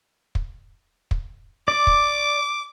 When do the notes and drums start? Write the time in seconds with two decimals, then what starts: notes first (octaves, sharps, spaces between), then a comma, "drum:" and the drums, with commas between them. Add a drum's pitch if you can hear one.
0.35 drum: kick
1.11 drum: kick
1.68 D5 D6
1.87 drum: kick